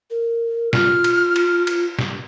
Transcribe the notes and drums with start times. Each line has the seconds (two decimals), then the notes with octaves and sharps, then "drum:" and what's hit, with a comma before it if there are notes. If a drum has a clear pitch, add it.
0.10 A#4
0.73 F4 F6, drum: snare
1.04 drum: cymbal
1.36 drum: cymbal
1.67 drum: cymbal
1.99 drum: snare